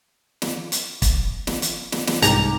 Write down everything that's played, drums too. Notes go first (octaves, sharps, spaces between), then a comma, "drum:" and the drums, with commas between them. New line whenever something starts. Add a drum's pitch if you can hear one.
drum: snare
drum: hi-hat
drum: kick, hi-hat
drum: snare
drum: hi-hat
drum: snare
drum: snare
C2 G#2 G4 A#5, drum: hi-hat